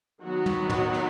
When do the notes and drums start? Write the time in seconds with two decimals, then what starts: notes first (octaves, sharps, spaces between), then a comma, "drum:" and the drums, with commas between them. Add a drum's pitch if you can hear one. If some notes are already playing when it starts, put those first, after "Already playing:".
0.22 D#3 F#3 B3 F#4
0.46 drum: tom
0.70 drum: tom
0.93 drum: rim click